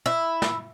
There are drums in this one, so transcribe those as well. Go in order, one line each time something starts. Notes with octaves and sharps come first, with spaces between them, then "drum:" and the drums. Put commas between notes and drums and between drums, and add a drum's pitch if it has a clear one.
E4
drum: snare